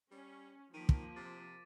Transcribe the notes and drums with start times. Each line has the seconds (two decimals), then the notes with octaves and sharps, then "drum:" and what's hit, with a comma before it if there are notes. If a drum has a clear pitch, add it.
0.12 G3 C#4
0.74 D#3 F3 A#3 B6 D7 D#7
0.89 drum: kick
1.16 C3 D6 A6